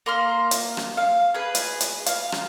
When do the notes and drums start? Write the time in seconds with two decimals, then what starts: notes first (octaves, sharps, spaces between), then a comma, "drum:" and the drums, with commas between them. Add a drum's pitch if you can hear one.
0.06 A#3 C6 F6
0.51 drum: hi-hat
0.77 drum: rim click
0.97 F5
1.34 G#4 B4
1.55 drum: hi-hat
1.81 drum: hi-hat
2.06 F5, drum: hi-hat
2.32 drum: rim click